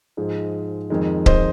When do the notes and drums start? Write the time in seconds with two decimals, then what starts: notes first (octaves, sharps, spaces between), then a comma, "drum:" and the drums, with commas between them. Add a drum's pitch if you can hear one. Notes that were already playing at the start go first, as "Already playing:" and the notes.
0.17 G#2 F3 G#3
0.90 F2 D#3 G#3
1.26 C5 D#5, drum: kick C#1